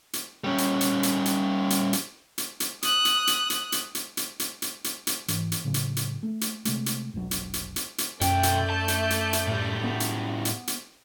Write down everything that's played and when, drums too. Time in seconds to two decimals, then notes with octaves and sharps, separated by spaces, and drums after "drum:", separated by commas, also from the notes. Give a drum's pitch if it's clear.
0.13 drum: hi-hat
0.44 G3 C#4
0.58 drum: hi-hat
0.81 drum: hi-hat
1.03 drum: hi-hat
1.26 drum: hi-hat
1.70 drum: hi-hat
1.93 drum: hi-hat
2.38 drum: hi-hat
2.60 drum: hi-hat
2.83 D#6 F#6, drum: hi-hat
3.05 drum: hi-hat
3.27 drum: hi-hat
3.50 drum: hi-hat
3.72 drum: hi-hat
3.95 drum: hi-hat
4.17 drum: hi-hat
4.40 drum: hi-hat
4.62 drum: hi-hat
4.84 drum: hi-hat
5.07 drum: hi-hat
5.28 G#2 E3, drum: hi-hat
5.52 drum: hi-hat
5.65 A2 C#3 F#3
5.74 drum: hi-hat
5.96 drum: hi-hat
6.23 A3
6.41 drum: hi-hat
6.65 C3 G#3 A3, drum: hi-hat
6.86 drum: hi-hat
7.14 F1 B1 B2 F#3
7.31 drum: hi-hat
7.53 drum: hi-hat
7.76 drum: hi-hat
7.98 drum: hi-hat
8.21 B1 F#2 A3 D5 G5 G6, drum: hi-hat
8.43 drum: hi-hat
8.70 A5
8.88 drum: hi-hat
9.10 drum: hi-hat
9.33 drum: hi-hat
9.47 A2 G3
9.84 B3
10.00 drum: hi-hat
10.45 drum: hi-hat
10.67 drum: hi-hat